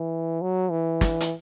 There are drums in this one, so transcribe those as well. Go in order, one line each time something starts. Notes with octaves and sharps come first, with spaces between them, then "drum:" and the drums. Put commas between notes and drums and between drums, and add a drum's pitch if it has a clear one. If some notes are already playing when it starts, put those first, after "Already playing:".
Already playing: E3
F#3
E3
drum: snare
drum: hi-hat